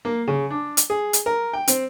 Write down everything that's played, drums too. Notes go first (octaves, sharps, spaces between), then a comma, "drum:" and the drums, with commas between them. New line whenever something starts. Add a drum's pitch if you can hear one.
A#3
C#3
D4
drum: hi-hat
G#4
drum: hi-hat
A#4
G5
C4, drum: hi-hat